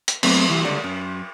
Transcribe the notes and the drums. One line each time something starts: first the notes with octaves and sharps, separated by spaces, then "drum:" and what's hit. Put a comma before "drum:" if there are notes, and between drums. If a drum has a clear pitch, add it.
drum: hi-hat
F#3 A3 B3 C4, drum: cymbal
B1 E3 G3
C#2 D3 G3 D5 F#5
F#2